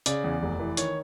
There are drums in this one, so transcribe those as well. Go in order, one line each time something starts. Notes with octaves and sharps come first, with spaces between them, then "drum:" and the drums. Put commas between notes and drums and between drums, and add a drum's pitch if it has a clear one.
C#3 D5, drum: hi-hat
E2
F1
E3
D#3 C#5, drum: hi-hat